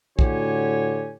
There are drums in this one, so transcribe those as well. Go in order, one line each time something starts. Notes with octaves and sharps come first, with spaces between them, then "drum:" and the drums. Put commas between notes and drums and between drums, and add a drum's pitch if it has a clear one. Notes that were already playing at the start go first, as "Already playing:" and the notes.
A2 D3 F#4 G4 C#5 G#5, drum: kick